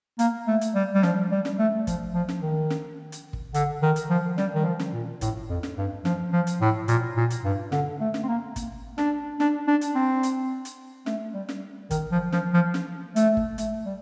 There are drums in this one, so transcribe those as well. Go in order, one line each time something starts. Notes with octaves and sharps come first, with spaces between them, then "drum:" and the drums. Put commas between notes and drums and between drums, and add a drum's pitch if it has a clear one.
A#3, drum: hi-hat
A3
drum: hi-hat
G3
G3
F3, drum: snare
G3
drum: snare
A3
F3, drum: kick, hi-hat
F3
drum: snare
D#3
drum: snare
drum: hi-hat
drum: kick
D3, drum: hi-hat
D#3
drum: hi-hat
F3
G3, drum: snare
D#3
F3
drum: snare
A#2
A2, drum: kick, hi-hat
F2
drum: snare
G2
F3, drum: snare
F3
drum: hi-hat
A2
A#2, drum: hi-hat
A#2
drum: hi-hat
G2
D3, drum: snare
A3
drum: snare
C4
A#3
drum: kick, hi-hat
D4, drum: snare
D4, drum: snare
D4
drum: hi-hat
C4
drum: hi-hat
drum: hi-hat
A3, drum: snare
G3
drum: snare
D#3, drum: kick, hi-hat
F3
F3, drum: snare
F3
drum: snare
A3, drum: hi-hat
drum: kick
A3, drum: hi-hat
G3